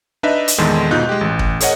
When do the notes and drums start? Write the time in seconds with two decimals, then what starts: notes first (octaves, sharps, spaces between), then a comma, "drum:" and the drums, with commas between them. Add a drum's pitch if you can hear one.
0.23 D4 D#4 B4 D#5 E5
0.48 drum: hi-hat
0.58 A#1 E2 D#3 G#3 A4 C6
0.91 G#2 B2 D#4 F4 F#6 G6
1.09 G#3 G4
1.21 A1
1.39 drum: kick
1.60 G#4 A#4 C#5 D#5 F#5, drum: hi-hat